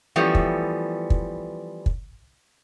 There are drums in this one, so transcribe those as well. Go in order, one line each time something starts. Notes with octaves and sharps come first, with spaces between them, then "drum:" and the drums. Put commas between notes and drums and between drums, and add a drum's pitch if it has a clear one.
E3 F3 G3 A3 B3 C#4
drum: kick
drum: kick
drum: kick